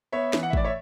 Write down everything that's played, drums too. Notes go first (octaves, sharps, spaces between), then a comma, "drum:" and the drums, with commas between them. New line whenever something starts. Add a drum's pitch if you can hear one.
B3 C#5 E5
E3, drum: snare
F#5
E5
A2 D5, drum: kick
C#5 E5